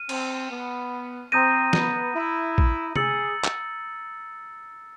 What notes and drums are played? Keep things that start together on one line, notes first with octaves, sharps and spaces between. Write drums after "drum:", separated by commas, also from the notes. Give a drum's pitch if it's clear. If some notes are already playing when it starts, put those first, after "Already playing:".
Already playing: F6 D#7
C4, drum: cymbal
B3
C4 A#5 D#6 G6 A#6 D#7
B3, drum: snare
E4
drum: kick A#1
G#4 E6 A6 C#7 F#7, drum: tom C3
drum: clap